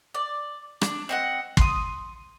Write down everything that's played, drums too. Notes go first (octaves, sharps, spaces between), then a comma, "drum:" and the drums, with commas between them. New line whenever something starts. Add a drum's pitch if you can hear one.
D5
D4, drum: rim click
C4 D#5 F#5
C6 D#6, drum: kick